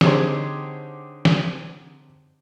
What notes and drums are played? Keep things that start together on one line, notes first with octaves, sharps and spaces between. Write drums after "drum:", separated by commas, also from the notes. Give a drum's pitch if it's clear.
D3 C4 D#4 G4 G#4 C#5, drum: snare
drum: snare